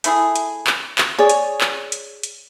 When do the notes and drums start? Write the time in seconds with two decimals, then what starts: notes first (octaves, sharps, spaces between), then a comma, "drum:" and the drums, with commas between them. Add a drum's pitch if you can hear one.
0.04 A3 E4 G#4, drum: hi-hat
0.36 drum: hi-hat
0.67 drum: clap
0.98 drum: clap
1.19 G#4 C#5 D5
1.29 drum: hi-hat
1.61 drum: clap
1.92 drum: hi-hat
2.23 drum: hi-hat